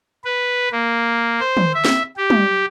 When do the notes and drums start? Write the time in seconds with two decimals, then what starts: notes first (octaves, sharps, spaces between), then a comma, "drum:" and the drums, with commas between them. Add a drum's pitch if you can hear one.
0.24 B4
0.72 A#3
1.40 C5
1.57 drum: tom
1.74 E5
1.85 drum: snare
2.17 G4
2.30 drum: tom